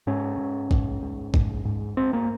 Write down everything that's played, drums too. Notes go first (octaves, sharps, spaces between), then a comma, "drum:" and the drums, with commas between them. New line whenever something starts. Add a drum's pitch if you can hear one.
G#2 C#4
G#2
G#2, drum: kick
G#2
G#2, drum: kick
G#2
G#2 C4
A#3